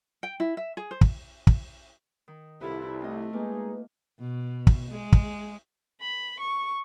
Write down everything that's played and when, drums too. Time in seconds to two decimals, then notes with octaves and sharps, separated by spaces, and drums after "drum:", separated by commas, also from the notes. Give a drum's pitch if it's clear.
0.23 G5
0.40 E4
0.57 E5
0.77 G#4
0.91 C5
1.01 drum: kick
1.47 drum: kick
2.28 D#3
2.61 C2 E4 F4 G4 A4 B4
3.02 A3 C4 D#5
3.33 G#3 A#3 D#4 G#4 B4
4.20 B2
4.67 drum: kick
4.91 G#3
5.12 drum: kick
6.01 B5
6.40 C#6